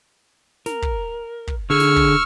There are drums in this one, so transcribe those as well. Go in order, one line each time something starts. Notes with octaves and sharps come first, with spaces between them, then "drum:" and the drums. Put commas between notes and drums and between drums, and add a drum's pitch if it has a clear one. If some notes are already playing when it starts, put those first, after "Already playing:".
A#4, drum: snare
drum: kick
drum: kick
D3 G#4 C#6 E6 F6
drum: snare
drum: kick